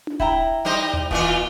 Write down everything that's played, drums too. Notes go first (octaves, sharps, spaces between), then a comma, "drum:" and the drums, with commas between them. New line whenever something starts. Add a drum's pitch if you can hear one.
drum: tom D4
E4 G5 A#5, drum: kick D#1
G3 D#4 C5
drum: tom D#2
A#2 E3 F4, drum: kick D#1